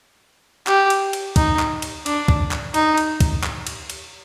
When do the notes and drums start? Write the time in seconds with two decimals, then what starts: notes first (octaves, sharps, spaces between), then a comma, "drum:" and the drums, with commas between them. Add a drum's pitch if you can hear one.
0.67 G4, drum: clap
0.90 drum: cymbal
1.13 drum: cymbal
1.36 D#4, drum: kick, cymbal
1.59 drum: clap
1.82 drum: cymbal
2.06 D4, drum: cymbal
2.28 drum: kick
2.51 drum: clap
2.74 D#4, drum: cymbal
2.97 drum: cymbal
3.21 drum: kick, cymbal
3.44 drum: clap
3.67 drum: cymbal
3.90 drum: cymbal